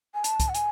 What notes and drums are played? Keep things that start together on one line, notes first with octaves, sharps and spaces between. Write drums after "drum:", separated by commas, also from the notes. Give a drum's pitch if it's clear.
G#5
A5, drum: hi-hat
drum: kick, hi-hat
F#5
G#5, drum: hi-hat